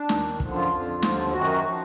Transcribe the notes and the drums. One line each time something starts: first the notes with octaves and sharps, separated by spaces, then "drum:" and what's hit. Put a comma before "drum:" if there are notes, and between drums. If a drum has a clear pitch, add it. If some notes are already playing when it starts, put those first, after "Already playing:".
Already playing: D4
D#2 D#3, drum: snare
F#2 D3 F3, drum: kick
F4
F2 D3 F3
D#2 D3 F3, drum: snare
F#2 D#3 F#4
F3